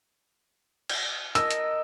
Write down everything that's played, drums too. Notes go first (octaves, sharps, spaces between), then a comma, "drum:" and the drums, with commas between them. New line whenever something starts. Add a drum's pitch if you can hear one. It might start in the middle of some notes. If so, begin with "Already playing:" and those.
drum: cymbal
A#4 D#5 E6, drum: hi-hat
drum: hi-hat